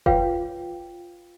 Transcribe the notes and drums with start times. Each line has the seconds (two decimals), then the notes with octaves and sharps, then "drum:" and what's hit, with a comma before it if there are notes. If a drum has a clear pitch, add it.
0.06 F4 B4 C#5 F5 G5, drum: kick F1